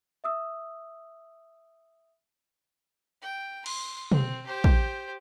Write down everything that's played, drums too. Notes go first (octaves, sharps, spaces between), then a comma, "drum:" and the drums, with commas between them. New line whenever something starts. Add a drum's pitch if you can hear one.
E5 D#6 E6
G5
C6, drum: cymbal
C4, drum: tom
G4 C5
drum: kick